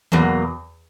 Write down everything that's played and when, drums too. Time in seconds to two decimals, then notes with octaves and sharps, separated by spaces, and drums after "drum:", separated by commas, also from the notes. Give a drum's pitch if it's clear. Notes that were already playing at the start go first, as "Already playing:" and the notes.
0.12 E2 B2 F#3 A#3, drum: tom E3